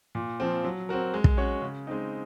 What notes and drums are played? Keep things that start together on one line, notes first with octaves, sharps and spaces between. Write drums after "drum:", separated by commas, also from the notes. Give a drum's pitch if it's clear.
A#2
F3 C4
F#3
C4 F#4 A#4
G#3
drum: kick
C#4 F#4 C#5
C#3
G#3 C4 D#4